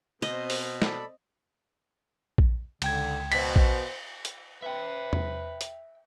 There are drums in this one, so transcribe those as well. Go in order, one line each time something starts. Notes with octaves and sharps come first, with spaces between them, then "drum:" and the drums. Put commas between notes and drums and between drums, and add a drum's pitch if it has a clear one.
B2 C4 C5 D#5, drum: tambourine
drum: open hi-hat
A4 D5 B5, drum: snare
drum: kick A#1
C#2 D3 G5 G#6, drum: cymbal
B2 C5 B6, drum: cymbal
drum: kick A#1
drum: hi-hat
B4 E5 G5
drum: tom E2
drum: hi-hat